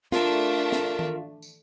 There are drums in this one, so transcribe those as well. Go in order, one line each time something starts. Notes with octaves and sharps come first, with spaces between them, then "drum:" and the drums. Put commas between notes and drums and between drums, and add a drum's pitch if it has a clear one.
A3 D4 F4 A#4 E5, drum: snare
drum: snare
drum: tom D#3
drum: tambourine